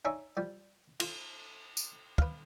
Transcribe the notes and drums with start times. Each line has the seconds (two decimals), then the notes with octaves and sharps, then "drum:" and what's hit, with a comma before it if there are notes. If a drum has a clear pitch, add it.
0.05 D4 D#4 C#5 E5 G#5
0.37 F3 G3
1.00 F4, drum: cymbal
1.77 drum: tambourine
2.18 B4 F5, drum: kick